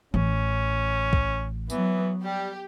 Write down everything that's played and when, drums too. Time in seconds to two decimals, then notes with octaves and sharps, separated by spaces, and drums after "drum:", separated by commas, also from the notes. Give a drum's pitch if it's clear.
0.14 A1 C#4, drum: tom E3
1.13 drum: kick B1
1.70 E3 F#3 B3, drum: tambourine
2.22 G3 G4